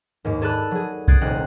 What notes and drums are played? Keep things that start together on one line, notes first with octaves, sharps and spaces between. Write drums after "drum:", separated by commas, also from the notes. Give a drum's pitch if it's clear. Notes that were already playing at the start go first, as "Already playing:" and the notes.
D#2 G#2
G#4 A4 D5 A5 B5 F#6
F#3 G#4
D#6 F#6 G#6 A6 C7 D7, drum: kick B1
D#1 C2 D#4 G5 F#6